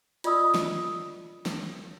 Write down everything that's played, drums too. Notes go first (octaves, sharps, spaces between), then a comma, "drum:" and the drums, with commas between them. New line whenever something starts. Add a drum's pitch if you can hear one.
F4 D5 D#5 B5 D#6 E6, drum: hi-hat
drum: snare
drum: snare